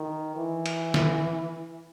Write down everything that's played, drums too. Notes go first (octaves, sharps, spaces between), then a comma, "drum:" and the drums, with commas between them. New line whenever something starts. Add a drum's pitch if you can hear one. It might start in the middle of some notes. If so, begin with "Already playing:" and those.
Already playing: D#3
E3
drum: cymbal
drum: snare